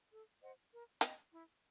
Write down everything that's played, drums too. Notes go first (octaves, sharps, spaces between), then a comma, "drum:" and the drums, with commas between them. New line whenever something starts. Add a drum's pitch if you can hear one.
A4
C5 D#5 F#5
A#4
D#5 G5 B5, drum: hi-hat
E4